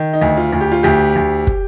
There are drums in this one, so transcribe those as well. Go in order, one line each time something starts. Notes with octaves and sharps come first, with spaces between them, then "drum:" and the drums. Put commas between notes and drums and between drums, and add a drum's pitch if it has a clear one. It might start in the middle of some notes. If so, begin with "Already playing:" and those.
Already playing: D#3
D#4
D2
F4
D2
G4
F4
D2 G4
D2
drum: kick